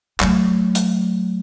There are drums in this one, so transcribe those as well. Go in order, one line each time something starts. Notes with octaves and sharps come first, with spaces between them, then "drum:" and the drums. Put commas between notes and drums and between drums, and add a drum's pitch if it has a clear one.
F#3 A3, drum: clap
drum: hi-hat